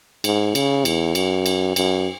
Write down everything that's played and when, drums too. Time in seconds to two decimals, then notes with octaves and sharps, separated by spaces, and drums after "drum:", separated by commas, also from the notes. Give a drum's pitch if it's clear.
0.24 G#2, drum: cymbal
0.55 C#3, drum: cymbal
0.85 E2, drum: cymbal
1.15 F#2, drum: cymbal
1.46 drum: cymbal
1.76 F#2, drum: cymbal